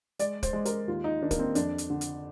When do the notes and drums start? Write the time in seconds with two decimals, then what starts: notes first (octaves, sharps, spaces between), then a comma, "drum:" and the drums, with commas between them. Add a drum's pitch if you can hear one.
0.19 G#3 D5, drum: hi-hat
0.43 C5, drum: kick, hi-hat
0.53 G#3
0.65 A#4, drum: hi-hat
0.87 D#2 F4
1.04 D#4
1.22 D#3 D4
1.31 A#3, drum: kick, hi-hat
1.39 C4
1.55 F2 D4, drum: hi-hat
1.78 drum: hi-hat
1.90 D3
2.01 drum: hi-hat